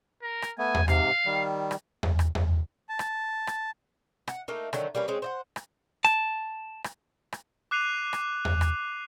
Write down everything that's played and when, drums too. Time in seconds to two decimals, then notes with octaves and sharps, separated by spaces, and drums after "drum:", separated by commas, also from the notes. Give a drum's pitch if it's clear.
0.22 A#4
0.42 drum: rim click
0.59 A3 B3 G#5
0.74 drum: tom E2
0.88 G#2 C3 F5, drum: rim click
1.26 D#3 G3
1.71 drum: rim click
2.03 drum: tom E2
2.19 drum: rim click
2.35 drum: tom E2
2.89 A5
2.99 drum: rim click
3.47 drum: rim click
4.28 F#5, drum: rim click
4.48 A3 A#3 D#4
4.73 D3 D#3 F#3, drum: rim click
4.95 G3 A#3 C#4 B4
5.08 G#3 C4 C#4
5.22 C5 D#5 F#5
5.56 drum: rim click
6.05 A5, drum: rim click
6.84 drum: rim click
7.33 drum: rim click
7.71 D6 F#6 C7 D#7 F7
8.13 drum: rim click
8.45 drum: tom E2
8.61 drum: rim click